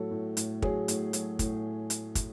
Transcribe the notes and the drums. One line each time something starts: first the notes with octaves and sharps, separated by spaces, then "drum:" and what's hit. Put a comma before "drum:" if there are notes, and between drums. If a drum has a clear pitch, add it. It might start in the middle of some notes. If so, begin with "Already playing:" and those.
Already playing: A2 F#3 A4
A2
A2, drum: hi-hat
F#3 G#4, drum: kick
A2, drum: hi-hat
F#3, drum: hi-hat
A2, drum: kick, hi-hat
drum: hi-hat
drum: kick, hi-hat